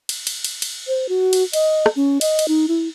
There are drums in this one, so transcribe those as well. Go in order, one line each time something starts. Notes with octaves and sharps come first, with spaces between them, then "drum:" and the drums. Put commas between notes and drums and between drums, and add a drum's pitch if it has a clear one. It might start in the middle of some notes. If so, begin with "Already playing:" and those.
drum: cymbal
drum: cymbal
drum: cymbal
drum: cymbal
C5
F#4
drum: cymbal
D#5, drum: cymbal
drum: rim click
C#4
D#5, drum: cymbal
drum: cymbal
D#4
E4